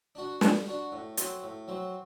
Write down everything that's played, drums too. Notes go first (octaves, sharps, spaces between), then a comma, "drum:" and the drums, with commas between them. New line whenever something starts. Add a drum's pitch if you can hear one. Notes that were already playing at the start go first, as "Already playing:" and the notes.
D4 F#4
G3, drum: snare
D4 F#4
A2
F#3 C4, drum: hi-hat
A2
F#3 C4